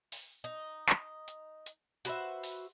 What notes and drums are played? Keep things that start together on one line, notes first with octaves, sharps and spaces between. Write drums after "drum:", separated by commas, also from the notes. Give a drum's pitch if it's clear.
drum: open hi-hat
D#4
drum: clap
drum: hi-hat
drum: hi-hat
F#4 B4 C5 E5, drum: hi-hat
drum: open hi-hat